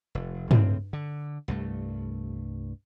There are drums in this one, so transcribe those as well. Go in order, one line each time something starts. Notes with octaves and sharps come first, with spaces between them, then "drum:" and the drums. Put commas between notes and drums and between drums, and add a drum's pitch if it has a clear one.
F1
C#2 A2 C4, drum: tom
D3
C2 G2 A3